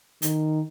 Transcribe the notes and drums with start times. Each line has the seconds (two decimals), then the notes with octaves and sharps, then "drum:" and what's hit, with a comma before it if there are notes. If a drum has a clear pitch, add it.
0.22 D#3, drum: hi-hat